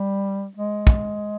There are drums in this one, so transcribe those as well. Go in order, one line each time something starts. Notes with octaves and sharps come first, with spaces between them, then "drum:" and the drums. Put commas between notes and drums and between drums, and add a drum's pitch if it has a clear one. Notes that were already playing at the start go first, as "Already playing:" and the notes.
Already playing: G3
G#3
drum: kick